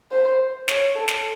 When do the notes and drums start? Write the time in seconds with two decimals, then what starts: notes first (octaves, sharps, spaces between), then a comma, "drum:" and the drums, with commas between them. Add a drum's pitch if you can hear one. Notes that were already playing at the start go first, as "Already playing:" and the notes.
0.12 C5
0.68 C#5, drum: snare
0.95 A4
1.08 drum: snare